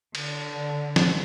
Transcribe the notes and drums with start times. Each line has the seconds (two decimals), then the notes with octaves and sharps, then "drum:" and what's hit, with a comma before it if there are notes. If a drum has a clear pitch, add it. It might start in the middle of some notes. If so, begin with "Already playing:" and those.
0.15 D3, drum: cymbal
0.96 drum: snare